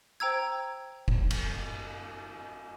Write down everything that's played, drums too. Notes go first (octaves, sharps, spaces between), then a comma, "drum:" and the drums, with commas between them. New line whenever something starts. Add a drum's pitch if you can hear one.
C5 G5 A#5 E6 G#6
drum: kick F#1
drum: cymbal